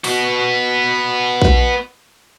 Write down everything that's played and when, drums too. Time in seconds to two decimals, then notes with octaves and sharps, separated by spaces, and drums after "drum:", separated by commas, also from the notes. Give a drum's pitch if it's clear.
0.04 B3 F#4, drum: open hi-hat
1.42 drum: kick